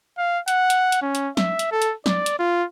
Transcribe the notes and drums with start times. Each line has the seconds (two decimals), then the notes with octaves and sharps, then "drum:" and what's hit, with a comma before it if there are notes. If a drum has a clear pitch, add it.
0.18 F5
0.48 F#5, drum: hi-hat
0.70 drum: hi-hat
0.92 drum: hi-hat
1.02 C#4
1.15 drum: hi-hat
1.37 E5, drum: snare
1.59 drum: hi-hat
1.72 A4
1.82 drum: hi-hat
2.06 D5, drum: snare
2.26 drum: hi-hat
2.39 F4